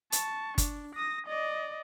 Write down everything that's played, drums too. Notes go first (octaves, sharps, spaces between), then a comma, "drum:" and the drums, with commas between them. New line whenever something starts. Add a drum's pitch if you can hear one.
A5 C#6, drum: hi-hat
D4, drum: kick G1, hi-hat
D#6 A#6
D5 D#5